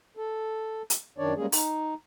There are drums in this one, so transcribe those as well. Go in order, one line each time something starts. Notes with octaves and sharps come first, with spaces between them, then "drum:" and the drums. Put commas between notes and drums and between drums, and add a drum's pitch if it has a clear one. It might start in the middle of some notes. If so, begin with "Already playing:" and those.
A4
drum: hi-hat
F#2 D#3 D4 C#5 D5
G3 G#3 A#3 C#4 G#4
D#4, drum: open hi-hat